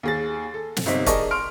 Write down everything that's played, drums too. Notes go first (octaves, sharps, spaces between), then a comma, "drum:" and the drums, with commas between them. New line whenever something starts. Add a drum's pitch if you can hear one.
D#2 G#4 A6
A4
drum: snare
G1 C3 C4 D#4 B6
G#4 A#4 D5 D#5 A5 C#6, drum: kick, hi-hat
C6 F6 D7